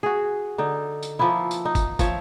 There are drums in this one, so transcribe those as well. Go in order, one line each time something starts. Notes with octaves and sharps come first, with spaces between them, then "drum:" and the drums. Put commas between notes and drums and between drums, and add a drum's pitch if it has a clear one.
F#4 G#4
D3 D#4
drum: tambourine
F3 A#3 B3 E4
drum: tambourine
D#4
drum: kick, tambourine
F3 C#5 E5, drum: kick, tambourine